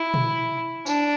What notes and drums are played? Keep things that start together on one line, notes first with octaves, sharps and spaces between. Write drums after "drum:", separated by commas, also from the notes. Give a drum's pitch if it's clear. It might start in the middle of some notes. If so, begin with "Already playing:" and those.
Already playing: E4
drum: tom A#2
D4, drum: tambourine